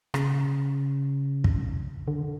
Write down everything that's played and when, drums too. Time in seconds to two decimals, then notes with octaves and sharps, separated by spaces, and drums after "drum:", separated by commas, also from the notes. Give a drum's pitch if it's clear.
0.14 C#3, drum: rim click
1.44 drum: kick
2.08 D3